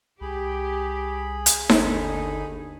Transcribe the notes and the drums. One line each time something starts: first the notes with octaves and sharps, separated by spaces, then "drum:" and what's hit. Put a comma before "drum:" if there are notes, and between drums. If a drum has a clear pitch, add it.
C2 G4 G#4 B5
drum: hi-hat
G1 D#2 D3 D#4, drum: snare D#4